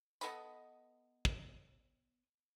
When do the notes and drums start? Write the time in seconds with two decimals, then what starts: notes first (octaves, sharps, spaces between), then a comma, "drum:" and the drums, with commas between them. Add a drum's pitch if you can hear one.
0.21 B3 A4 D#5 B5, drum: tambourine
1.25 drum: kick